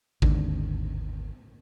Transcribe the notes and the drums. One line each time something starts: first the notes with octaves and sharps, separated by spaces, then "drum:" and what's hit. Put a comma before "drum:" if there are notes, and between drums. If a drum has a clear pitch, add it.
G#1 D#2 D3, drum: kick A1